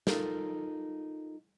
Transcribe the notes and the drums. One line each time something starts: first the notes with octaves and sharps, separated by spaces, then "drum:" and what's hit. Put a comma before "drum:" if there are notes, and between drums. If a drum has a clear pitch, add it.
D#4 F4 A4 A#4, drum: snare